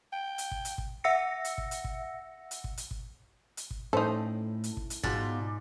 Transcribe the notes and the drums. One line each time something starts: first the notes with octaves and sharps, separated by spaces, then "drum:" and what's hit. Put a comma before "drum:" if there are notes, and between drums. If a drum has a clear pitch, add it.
G5
drum: hi-hat
drum: kick
drum: hi-hat
drum: kick
E5 F#5 E6 A#6 C#7
drum: hi-hat
drum: kick
drum: hi-hat
drum: kick
drum: hi-hat
drum: kick
drum: hi-hat
drum: kick
drum: hi-hat
drum: kick
A2 C#4 D#4 A4 C5
drum: hi-hat
drum: kick
drum: hi-hat
G#2 B2 F4 D5, drum: kick